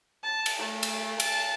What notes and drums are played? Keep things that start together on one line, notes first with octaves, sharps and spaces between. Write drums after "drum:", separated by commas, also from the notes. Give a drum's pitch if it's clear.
A5
drum: cymbal
A3
drum: cymbal
A5, drum: cymbal